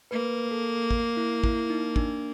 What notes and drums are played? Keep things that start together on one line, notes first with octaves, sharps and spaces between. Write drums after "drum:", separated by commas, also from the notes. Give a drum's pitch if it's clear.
A#3 B4
A4
drum: kick
E4
E4, drum: kick
D#4
D4, drum: kick